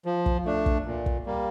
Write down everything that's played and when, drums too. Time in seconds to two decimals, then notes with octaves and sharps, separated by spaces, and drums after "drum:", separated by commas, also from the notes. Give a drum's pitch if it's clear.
0.05 F3
0.26 drum: kick
0.46 A3 D4
0.66 drum: kick
0.85 A#2
1.06 drum: kick
1.26 G3 A#3